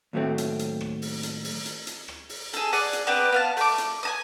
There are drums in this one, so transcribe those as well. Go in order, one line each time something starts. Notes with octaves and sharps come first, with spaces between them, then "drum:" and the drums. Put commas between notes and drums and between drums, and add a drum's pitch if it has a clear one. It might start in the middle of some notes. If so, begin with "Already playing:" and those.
D#2 A2 F#3 A3 C4
drum: hi-hat
drum: hi-hat
drum: rim click
drum: open hi-hat
drum: hi-hat
drum: open hi-hat
drum: hi-hat
drum: hi-hat
drum: rim click
drum: open hi-hat
G#4 A4, drum: hi-hat
G#4 D5 F#5, drum: open hi-hat
drum: hi-hat
B3 C4 D4 B4
B3 F5 A5
A3 D6, drum: open hi-hat
drum: hi-hat
G#5 A5 D#6